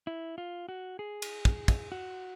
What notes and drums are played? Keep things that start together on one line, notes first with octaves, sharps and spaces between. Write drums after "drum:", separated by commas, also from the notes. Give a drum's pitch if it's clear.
E4
F4
F#4
G#4
drum: cymbal
drum: kick
drum: kick, cymbal
F#4